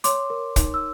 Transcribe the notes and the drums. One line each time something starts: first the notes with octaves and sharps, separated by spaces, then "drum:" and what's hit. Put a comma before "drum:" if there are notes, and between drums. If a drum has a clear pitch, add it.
C#5 C6 D6, drum: hi-hat
A#4
D#4, drum: kick, hi-hat
E6